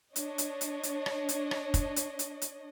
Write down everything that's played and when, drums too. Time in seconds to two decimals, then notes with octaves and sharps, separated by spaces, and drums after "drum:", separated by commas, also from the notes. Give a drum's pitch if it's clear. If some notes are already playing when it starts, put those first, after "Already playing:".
0.16 D4 C#5 D#5, drum: hi-hat
0.38 drum: hi-hat
0.61 drum: hi-hat
0.83 drum: hi-hat
1.06 drum: rim click
1.29 drum: hi-hat
1.51 drum: rim click
1.74 drum: kick, hi-hat
1.96 drum: hi-hat
2.19 drum: hi-hat
2.42 drum: hi-hat